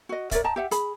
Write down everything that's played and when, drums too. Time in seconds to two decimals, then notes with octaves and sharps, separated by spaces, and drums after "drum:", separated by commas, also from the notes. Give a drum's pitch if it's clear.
0.09 F#4 D#5
0.31 A#4 C#5 D5 E5, drum: kick, hi-hat
0.44 D#5 G5 A5 A#5
0.56 G4 E5 F#5
0.71 G#4 B5, drum: hi-hat